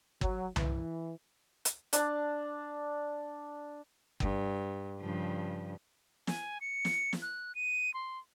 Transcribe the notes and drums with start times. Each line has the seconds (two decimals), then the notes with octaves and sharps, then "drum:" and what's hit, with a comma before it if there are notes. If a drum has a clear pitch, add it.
0.21 F#3, drum: kick
0.56 E3, drum: tom C2
1.65 drum: hi-hat
1.93 D4 A5, drum: hi-hat
4.20 G2, drum: kick
4.99 G2 C#3 F3
6.27 G#5, drum: snare
6.61 C#7
6.85 drum: snare
7.13 drum: snare
7.22 F#6
7.55 D#7
7.94 C6